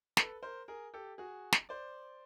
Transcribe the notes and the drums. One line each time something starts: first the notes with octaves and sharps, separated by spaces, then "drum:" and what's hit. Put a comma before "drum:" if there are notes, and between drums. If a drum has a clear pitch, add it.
A4 B4, drum: snare
A#4 C5
G#4 A#4
G4 A4
F#4 G#4
drum: snare
C5 D5